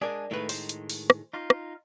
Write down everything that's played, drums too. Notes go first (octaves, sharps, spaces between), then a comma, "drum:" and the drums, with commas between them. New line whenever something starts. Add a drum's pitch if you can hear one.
G#3 D4 G#4 A#4 D5
A2 D#3 G#3 A3 B4
C5, drum: open hi-hat
drum: hi-hat
drum: open hi-hat
drum: rim click
D#4 F4
drum: rim click